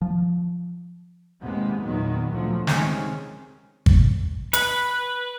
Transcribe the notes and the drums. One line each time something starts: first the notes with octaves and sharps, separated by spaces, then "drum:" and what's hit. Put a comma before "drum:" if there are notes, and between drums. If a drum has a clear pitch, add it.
F3
D#2 C3 G#3 A#3 B3
E2 A#2 D#3 F#3 B3
D2 A#2 F3 F#3
C3 D#3 G#3 C#4, drum: snare
drum: kick
B4, drum: hi-hat